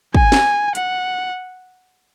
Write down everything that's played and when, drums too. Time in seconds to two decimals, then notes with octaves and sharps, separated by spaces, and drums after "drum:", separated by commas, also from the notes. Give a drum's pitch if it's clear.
0.15 G#5, drum: kick
0.32 drum: snare
0.75 F#5, drum: hi-hat